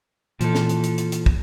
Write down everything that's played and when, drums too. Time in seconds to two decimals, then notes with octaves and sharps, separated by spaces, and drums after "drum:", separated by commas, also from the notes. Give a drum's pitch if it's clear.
0.40 A#2 E3 F3 A4, drum: hi-hat
0.55 drum: snare
0.69 drum: hi-hat
0.83 drum: hi-hat
0.98 drum: hi-hat
1.12 drum: hi-hat
1.26 drum: kick